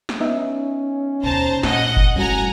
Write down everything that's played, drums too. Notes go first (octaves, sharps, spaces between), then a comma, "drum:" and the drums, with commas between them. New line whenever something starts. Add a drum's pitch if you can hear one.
drum: snare
B3 C#4 D#4 E5
D#2 B2 C5 A5 A#5
A#2 D#5 F#5, drum: snare
drum: kick F#1
A2 G3 C#4 F#4 F#5 G#5 A#5